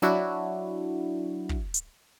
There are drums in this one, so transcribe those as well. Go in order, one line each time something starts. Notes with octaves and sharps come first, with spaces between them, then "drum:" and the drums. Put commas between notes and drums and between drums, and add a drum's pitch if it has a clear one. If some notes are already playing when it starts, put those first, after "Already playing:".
F#3 D4 E4 F#4, drum: snare
drum: kick
drum: hi-hat